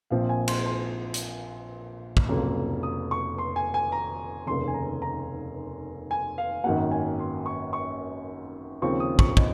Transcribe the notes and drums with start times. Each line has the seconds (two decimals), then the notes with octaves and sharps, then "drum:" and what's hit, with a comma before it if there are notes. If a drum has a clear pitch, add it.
0.10 A#1 A#2 F3 C4 F5
0.29 G#5
0.48 C6, drum: cymbal
0.66 C6
1.14 drum: hi-hat
2.17 drum: kick
2.29 F1 F2 C#3 F#3 A#3
2.83 D#6
3.11 C#6
3.38 C6
3.56 G#5
3.74 G#5
3.92 A#5
4.47 F1 D#2 C#3 C6
4.68 G#5
4.74 A#5
5.02 A#5
6.11 G#5
6.38 F5
6.64 G#1 F#2 D#3 F#3 A#3 F#5
6.91 G#5
7.20 C6
7.46 C#6
7.73 C#6
8.82 D#2 C#3 F3 C4 C#6
9.00 D#6
9.19 C#6, drum: kick
9.37 D#5, drum: kick